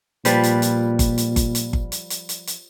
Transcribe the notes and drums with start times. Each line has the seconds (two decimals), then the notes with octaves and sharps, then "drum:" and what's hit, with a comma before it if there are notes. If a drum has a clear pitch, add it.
0.25 A#2 F3 G3 B4, drum: hi-hat
0.43 drum: hi-hat
0.62 drum: hi-hat
0.99 drum: kick G1, hi-hat
1.18 drum: hi-hat
1.36 drum: kick G1, hi-hat
1.55 drum: hi-hat
1.73 drum: kick G1
1.92 drum: hi-hat
2.10 drum: hi-hat
2.29 drum: hi-hat
2.47 drum: hi-hat